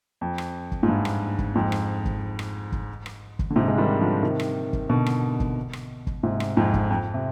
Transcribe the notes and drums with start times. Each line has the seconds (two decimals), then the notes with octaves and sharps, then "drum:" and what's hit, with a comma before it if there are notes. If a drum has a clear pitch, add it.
0.21 F2
0.38 drum: rim click
0.72 drum: kick
0.83 G#2
0.88 G2
1.05 drum: rim click
1.39 drum: kick
1.55 F2 G#2
1.72 drum: rim click
2.05 drum: kick
2.39 drum: rim click
2.72 drum: kick
3.06 drum: rim click
3.39 drum: kick
3.50 D3
3.56 G#2 C3
3.68 G#3
3.78 D#3 G3
4.01 D3 F3
4.23 C3 D#3
4.40 drum: rim click
4.73 drum: kick
4.89 B2 D3
5.06 drum: rim click
5.40 drum: kick
5.73 drum: rim click
6.07 drum: kick
6.23 G#2 C3
6.40 drum: rim click
6.57 F2 G#2
6.74 drum: kick
6.90 F2
7.14 C3